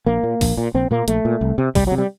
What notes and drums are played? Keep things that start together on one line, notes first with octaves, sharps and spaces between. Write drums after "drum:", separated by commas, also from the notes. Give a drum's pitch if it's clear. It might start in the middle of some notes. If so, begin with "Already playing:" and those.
A#1 A#3
A#2
A#1, drum: kick, open hi-hat
A#2
A#1 C4
A#2 A#3
A#1 A3, drum: hi-hat
A#2
C2
C3
C2 G3, drum: kick, open hi-hat
F#3
C3
G3